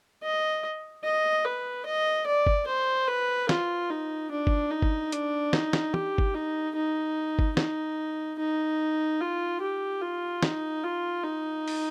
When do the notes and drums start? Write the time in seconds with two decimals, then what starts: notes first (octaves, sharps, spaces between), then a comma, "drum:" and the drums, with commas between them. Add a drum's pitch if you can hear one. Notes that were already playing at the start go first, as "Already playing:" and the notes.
0.23 D#5
1.04 D#5
1.45 B4
1.86 D#5
2.26 D5
2.47 drum: kick G1
2.67 C5
3.08 B4
3.49 F4, drum: snare
3.90 D#4
4.31 D4
4.47 drum: kick G1
4.71 D#4
4.82 drum: kick G1
5.12 D4, drum: hi-hat
5.53 D#4, drum: snare
5.73 drum: snare
5.94 G4, drum: tom
6.18 drum: kick G1
6.34 D#4
6.76 D#4
7.39 drum: kick G1
7.57 D#4, drum: snare
8.39 D#4
9.21 F4
9.61 G4
10.01 F4
10.43 D#4, drum: snare
10.84 F4
11.24 D#4
11.68 drum: open hi-hat